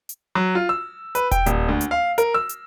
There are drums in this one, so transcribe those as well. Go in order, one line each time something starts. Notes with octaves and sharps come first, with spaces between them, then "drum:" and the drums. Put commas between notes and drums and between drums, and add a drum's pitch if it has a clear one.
drum: hi-hat
F#3
F4
E6
B4, drum: hi-hat
G5, drum: kick E1, hi-hat
D#1, drum: hi-hat
D2
drum: hi-hat
F5
A#4, drum: hi-hat
E6
drum: hi-hat